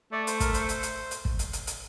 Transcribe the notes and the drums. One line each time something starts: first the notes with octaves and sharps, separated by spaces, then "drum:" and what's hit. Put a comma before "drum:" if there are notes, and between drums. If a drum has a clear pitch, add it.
A3 D5
C5, drum: hi-hat
A#4, drum: kick, hi-hat
C5, drum: hi-hat
drum: hi-hat
drum: hi-hat
drum: hi-hat
drum: kick
drum: hi-hat
drum: hi-hat
drum: hi-hat